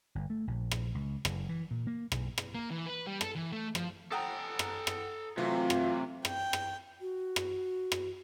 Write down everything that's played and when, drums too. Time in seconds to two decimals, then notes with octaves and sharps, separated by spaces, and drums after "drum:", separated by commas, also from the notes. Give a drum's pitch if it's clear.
0.15 G1
0.30 A3
0.47 A#1
0.71 drum: rim click
0.95 C#2
1.25 F#1, drum: rim click
1.49 E3
1.71 A#2
1.87 A#3
2.12 B1, drum: rim click
2.38 drum: rim click
2.55 A#3
2.71 E3
2.86 B4
3.07 G3
3.21 A4, drum: rim click
3.35 E3
3.52 A3
3.75 F3, drum: rim click
4.12 A4 F#5 G5 A#5 D#6
4.59 drum: rim click
4.87 drum: rim click
5.38 C3 E3 F#3 A3 F4
5.70 drum: rim click
6.25 G5, drum: rim click
6.53 drum: rim click
7.01 F#4
7.36 drum: rim click
7.92 drum: rim click